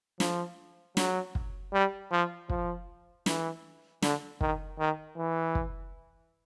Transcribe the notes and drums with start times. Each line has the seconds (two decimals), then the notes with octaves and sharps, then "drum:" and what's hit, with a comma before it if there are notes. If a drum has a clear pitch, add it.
0.20 F3, drum: snare
0.97 F#3, drum: snare
1.35 drum: kick
1.73 G3
2.11 F3
2.49 F3, drum: kick
3.26 E3, drum: snare
4.02 D3, drum: snare
4.41 D#3, drum: kick
4.79 D#3
5.17 E3
5.55 drum: kick